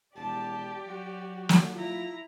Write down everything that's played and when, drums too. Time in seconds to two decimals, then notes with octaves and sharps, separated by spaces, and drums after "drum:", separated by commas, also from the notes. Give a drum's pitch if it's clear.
0.16 E1 G4 D5 A5
0.86 F#3 F#4
1.49 drum: snare
1.74 E4 F4 A#5